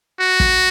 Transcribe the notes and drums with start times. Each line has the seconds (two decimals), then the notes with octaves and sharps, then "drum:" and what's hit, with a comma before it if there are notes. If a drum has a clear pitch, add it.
0.20 F#4
0.40 drum: kick